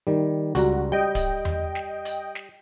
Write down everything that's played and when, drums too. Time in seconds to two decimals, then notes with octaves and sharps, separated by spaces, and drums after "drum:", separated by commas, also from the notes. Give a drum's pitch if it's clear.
0.07 D#3 G3
0.55 C#2 G3 F#4 A#5, drum: hi-hat
0.92 G3 D#5 G5
1.15 drum: kick D1, hi-hat
1.45 drum: tom E2
1.75 drum: snare
2.05 drum: hi-hat
2.35 drum: snare